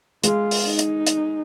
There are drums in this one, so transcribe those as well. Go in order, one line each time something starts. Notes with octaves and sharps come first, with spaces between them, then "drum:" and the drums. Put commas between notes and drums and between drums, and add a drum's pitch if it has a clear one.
G#3 F4, drum: hi-hat
drum: open hi-hat
D#4
drum: hi-hat
drum: hi-hat